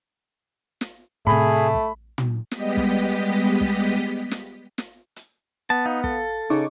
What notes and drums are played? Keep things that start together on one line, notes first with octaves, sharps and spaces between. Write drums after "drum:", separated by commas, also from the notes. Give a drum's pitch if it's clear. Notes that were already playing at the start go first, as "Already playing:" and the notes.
drum: snare
A2 C3 A3 G#4 B5
drum: kick
drum: tom
G3 G#3 B3 G4 D#5 B6, drum: snare
drum: kick
drum: kick
drum: snare
drum: snare
drum: hi-hat
B3 A5
D#4 F5
A4, drum: kick
C#3 D#4 C#6 D6